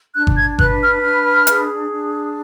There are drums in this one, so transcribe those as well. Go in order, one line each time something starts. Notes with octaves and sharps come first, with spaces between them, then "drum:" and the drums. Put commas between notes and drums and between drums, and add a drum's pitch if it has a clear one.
D4 F#6
drum: kick G1
G#6
B4 F#6, drum: kick G1
F6
D4 F6
G#4, drum: hi-hat
D4